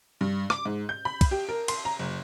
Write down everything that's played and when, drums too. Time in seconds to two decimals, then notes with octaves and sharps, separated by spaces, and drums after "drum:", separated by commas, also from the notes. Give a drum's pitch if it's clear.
0.21 G2
0.50 D6, drum: rim click
0.65 G#2
0.89 G6
1.05 B5
1.21 drum: kick, cymbal
1.31 G4
1.49 A#4
1.68 C6, drum: cymbal
1.85 A#5
1.99 F#1